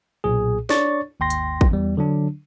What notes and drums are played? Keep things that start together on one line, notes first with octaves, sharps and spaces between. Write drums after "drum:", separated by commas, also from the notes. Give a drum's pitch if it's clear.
B1 A#2 G#4
D4 C#5 D5 C#6 A6, drum: snare
G#1 D#2 G5 C6 A#6
drum: hi-hat
drum: kick
E2 G3
D3 F#3 D4